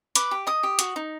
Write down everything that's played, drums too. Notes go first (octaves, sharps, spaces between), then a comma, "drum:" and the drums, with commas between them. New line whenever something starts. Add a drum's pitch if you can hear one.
B4 D6, drum: hi-hat
G4
D#5 D#6
G4
F#4, drum: hi-hat
D#4